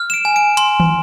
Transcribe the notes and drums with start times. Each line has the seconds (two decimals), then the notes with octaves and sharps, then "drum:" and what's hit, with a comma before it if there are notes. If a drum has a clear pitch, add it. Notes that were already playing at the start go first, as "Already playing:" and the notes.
Already playing: F6
0.10 E7
0.14 D7
0.25 G#5
0.36 D7
0.57 C6, drum: hi-hat
0.80 drum: tom D#3